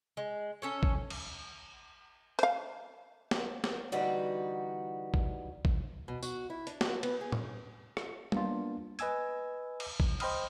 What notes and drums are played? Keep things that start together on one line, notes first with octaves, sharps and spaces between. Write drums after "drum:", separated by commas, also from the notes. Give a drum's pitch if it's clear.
G#3
C#4 A4 C#5
drum: kick A1
drum: cymbal
C5 F5, drum: hi-hat
drum: snare
drum: snare
D3 E3 G3 D#4 F#4
drum: kick A1
drum: kick A1
B2
F#4, drum: tambourine
E4
D4, drum: hi-hat
F#4, drum: snare
B3, drum: cymbal
G#4
drum: tom A2
drum: rim click
A#3 B3 D4 F4, drum: tom G3
B4 D#5 G#5 E6 G#6, drum: hi-hat
drum: cymbal
drum: kick A1
C5 D#5 G5 B5 D#6 F6, drum: cymbal